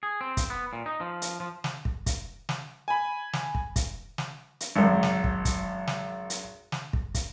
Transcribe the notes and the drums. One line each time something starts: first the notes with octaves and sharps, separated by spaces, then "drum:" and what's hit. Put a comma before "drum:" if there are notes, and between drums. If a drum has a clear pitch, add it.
G#4
C4
drum: kick, hi-hat
B3
A#2
D#4
F3
drum: hi-hat
F3
drum: snare
drum: kick
drum: kick, hi-hat
drum: snare
G#5 B5
drum: snare
drum: kick
drum: kick, hi-hat
drum: snare
drum: hi-hat
G#1 F#2
drum: snare
drum: kick
drum: kick, hi-hat
drum: snare
drum: hi-hat
drum: snare
drum: kick
drum: kick, hi-hat